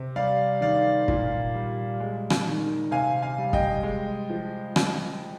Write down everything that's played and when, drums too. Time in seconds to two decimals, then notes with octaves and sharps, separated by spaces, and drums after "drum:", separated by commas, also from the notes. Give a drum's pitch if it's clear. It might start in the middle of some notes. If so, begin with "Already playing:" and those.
Already playing: C3
0.16 G3 D5 F5
0.61 D#3 D5 F5
1.08 A#2, drum: kick
1.54 G3
2.00 G#3
2.30 drum: rim click
2.46 D#3
2.91 C3 F5 G#5
3.22 F5 G#5
3.38 G3
3.53 D#5 G5, drum: kick
3.83 G#3
4.30 F3
4.76 drum: rim click